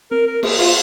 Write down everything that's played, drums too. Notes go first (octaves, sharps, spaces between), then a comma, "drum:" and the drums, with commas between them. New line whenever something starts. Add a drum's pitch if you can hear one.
C4 A#4
A#4
A#3 G#4, drum: cymbal
F4, drum: cymbal